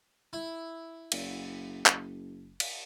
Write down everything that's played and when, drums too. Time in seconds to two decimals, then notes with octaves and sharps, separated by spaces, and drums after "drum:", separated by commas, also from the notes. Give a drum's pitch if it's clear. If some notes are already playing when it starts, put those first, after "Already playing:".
0.33 E4
1.12 F#1, drum: cymbal
1.86 drum: clap
2.60 drum: cymbal